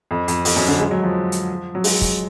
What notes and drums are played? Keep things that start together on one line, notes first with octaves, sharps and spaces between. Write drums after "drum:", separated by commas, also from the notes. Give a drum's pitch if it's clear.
F2
F2, drum: hi-hat
F2, drum: open hi-hat
F#2
D3
G#3
F#3
F3
drum: hi-hat
F#3
G#3, drum: open hi-hat
drum: kick, hi-hat